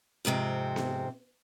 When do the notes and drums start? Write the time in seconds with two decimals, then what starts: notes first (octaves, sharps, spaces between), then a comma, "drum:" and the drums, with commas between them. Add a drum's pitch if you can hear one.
0.25 F2 G#2 C3 C4
0.76 drum: snare B3